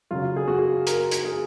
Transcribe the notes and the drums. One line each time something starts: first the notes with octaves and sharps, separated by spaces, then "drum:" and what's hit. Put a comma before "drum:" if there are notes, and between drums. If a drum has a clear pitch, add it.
C#3 F#3 F4
G#4
F#4
G#4
A#4, drum: hi-hat
drum: hi-hat
G#4